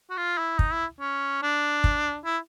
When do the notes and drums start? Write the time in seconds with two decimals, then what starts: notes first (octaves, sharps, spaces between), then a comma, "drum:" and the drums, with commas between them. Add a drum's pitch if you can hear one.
0.10 F#4
0.17 F4
0.38 E4
0.59 D#4, drum: kick
0.73 E4
1.00 C#4
1.43 D4
1.84 drum: kick
2.25 E4